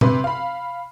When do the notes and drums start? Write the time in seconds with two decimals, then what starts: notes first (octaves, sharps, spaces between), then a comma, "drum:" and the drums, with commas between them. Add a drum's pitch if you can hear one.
0.01 C3 B4 C6, drum: tom A#2
0.24 F5 B5